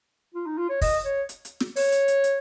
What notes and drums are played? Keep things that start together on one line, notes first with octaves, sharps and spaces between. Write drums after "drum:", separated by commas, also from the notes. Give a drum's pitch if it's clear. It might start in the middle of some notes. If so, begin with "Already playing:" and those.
F4
D#4
F4
C#5
D#5, drum: kick, open hi-hat
C#5
drum: hi-hat
drum: hi-hat
drum: snare
C#5, drum: open hi-hat
drum: hi-hat
drum: hi-hat
drum: hi-hat